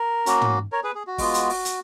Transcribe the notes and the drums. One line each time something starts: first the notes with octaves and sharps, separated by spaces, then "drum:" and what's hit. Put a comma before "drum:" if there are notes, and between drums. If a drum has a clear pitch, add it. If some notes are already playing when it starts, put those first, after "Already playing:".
Already playing: A#4
A#3 C#4 F#4, drum: hi-hat
drum: tom
A#4 C#5
G#4 B4
G#4
F#4
G#3 B3 F4, drum: kick F#1, open hi-hat
drum: hi-hat
drum: open hi-hat
drum: hi-hat